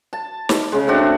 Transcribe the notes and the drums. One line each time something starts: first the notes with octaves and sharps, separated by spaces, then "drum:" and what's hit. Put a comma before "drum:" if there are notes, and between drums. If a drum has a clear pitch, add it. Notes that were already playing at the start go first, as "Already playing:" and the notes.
A5
drum: snare
C#3 G#3
A3 C4 D4 F#4